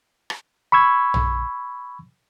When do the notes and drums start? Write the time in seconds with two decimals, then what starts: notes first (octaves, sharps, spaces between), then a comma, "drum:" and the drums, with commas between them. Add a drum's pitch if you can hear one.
0.30 drum: rim click
0.72 B5 C#6 E6 G#6
1.14 drum: tom A#1